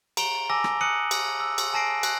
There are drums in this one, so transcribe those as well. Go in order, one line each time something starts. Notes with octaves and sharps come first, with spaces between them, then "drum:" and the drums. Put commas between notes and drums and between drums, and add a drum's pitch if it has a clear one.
A#5 D7 F7 G7, drum: cymbal
G#5 A5 D6 E6 A#6
drum: rim click
D#6 F#6 C#7 D#7 F#7
drum: cymbal
E6
drum: cymbal
G#5 A5 A#6 C7 D7
F#6, drum: cymbal